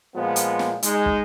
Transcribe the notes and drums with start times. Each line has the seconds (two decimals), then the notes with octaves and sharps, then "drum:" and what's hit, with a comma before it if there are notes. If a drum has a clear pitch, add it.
0.15 A#2 F3 G#3 B3
0.36 drum: hi-hat
0.59 drum: snare
0.83 G#3 D#4, drum: hi-hat
1.06 drum: kick